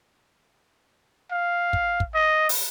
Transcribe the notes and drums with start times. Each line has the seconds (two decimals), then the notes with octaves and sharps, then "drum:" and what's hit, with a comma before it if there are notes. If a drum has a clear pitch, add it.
1.31 F5
1.73 drum: kick
2.00 drum: kick
2.14 D#5
2.49 drum: open hi-hat